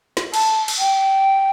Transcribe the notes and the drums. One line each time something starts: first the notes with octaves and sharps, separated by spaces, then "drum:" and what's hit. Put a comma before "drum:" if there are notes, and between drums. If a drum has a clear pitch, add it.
drum: snare
A5, drum: cymbal
drum: cymbal
G5